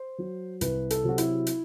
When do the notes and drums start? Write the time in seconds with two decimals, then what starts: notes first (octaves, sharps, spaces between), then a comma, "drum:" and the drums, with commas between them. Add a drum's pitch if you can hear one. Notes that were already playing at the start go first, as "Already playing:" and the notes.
Already playing: C5
0.18 F#3
0.61 C2 B4, drum: hi-hat
0.90 A4, drum: hi-hat
1.04 C3 F#3 F#4
1.18 E4, drum: hi-hat
1.47 drum: hi-hat